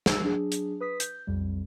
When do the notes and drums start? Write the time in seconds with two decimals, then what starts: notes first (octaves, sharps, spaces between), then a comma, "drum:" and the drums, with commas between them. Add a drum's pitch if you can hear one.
0.06 C5 E6, drum: snare
0.22 F#3 D4 G#4
0.52 drum: hi-hat
0.80 B4 D#6 B6
1.00 G6, drum: hi-hat
1.27 B1 F2 G3